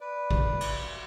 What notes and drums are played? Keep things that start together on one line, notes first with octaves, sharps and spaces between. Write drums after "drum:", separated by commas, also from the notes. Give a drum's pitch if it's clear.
B4 D5
drum: kick
drum: cymbal